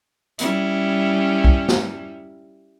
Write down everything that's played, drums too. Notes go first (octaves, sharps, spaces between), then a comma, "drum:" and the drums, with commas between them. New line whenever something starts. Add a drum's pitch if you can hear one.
G3 C#4 E4, drum: hi-hat
drum: kick
drum: snare